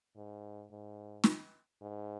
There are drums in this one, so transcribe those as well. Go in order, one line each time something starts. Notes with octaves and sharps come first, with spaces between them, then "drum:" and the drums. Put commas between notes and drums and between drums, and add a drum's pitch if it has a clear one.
G#2
G#2
drum: snare
G#2